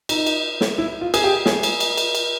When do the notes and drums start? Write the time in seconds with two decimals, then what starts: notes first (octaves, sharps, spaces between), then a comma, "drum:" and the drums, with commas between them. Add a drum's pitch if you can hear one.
0.09 D#4, drum: cymbal
0.26 drum: cymbal
0.61 drum: snare
0.78 E4
1.01 F4
1.14 G#4, drum: cymbal
1.24 G4
1.46 G#4, drum: snare
1.63 drum: cymbal
1.80 drum: cymbal
1.97 drum: cymbal
2.15 drum: cymbal